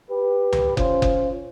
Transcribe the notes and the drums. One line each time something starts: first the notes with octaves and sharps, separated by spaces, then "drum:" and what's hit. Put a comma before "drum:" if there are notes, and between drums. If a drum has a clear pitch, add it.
G4 B4
drum: tom C#2
C#4 F4 C5, drum: kick F#1
drum: kick F#1